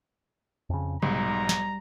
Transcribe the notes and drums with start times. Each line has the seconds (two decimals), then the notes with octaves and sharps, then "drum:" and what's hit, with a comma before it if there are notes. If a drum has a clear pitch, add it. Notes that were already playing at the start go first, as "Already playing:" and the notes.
0.70 F2 C#3
1.02 B1 G#2 G3 A#5, drum: tom C3
1.49 drum: snare